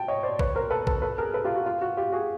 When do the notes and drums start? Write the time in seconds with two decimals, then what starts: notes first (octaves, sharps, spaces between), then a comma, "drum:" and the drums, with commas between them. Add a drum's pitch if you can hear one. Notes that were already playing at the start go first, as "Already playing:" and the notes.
Already playing: G5 A5
0.08 C#5 D#5
0.23 C5 D5
0.39 B4 C#5, drum: kick
0.55 A#4 C5
0.71 A4 B4
0.87 A4 B4, drum: kick
1.02 A4 B4
1.18 G#4 A#4
1.34 A4 B4
1.44 F4 G4
1.56 F#4
1.66 F4
1.81 F#4
1.97 F4 G4
2.12 F#4 G#4